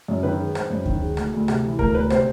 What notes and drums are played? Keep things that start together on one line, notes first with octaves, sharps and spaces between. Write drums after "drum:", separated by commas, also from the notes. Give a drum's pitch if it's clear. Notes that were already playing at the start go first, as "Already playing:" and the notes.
F#2
D#3 B4
G#3
C4, drum: rim click
F#2
D#3, drum: kick D2
G#3
D2, drum: rim click
D2
C3, drum: rim click
E3
D2 A#4, drum: kick D2
D2 B4
C3 C4 C5, drum: rim click